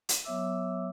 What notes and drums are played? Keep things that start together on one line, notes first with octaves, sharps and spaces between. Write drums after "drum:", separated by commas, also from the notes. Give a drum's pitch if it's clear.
drum: hi-hat
F#3 B3 C#5 E5 D6 E6